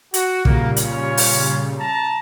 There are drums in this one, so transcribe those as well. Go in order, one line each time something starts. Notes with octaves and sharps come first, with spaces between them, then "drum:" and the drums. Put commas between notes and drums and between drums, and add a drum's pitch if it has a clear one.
F#4, drum: hi-hat
A#2 C#3 G3 A#3, drum: kick
C#4 F4 C#5, drum: hi-hat
drum: open hi-hat
A5 A#5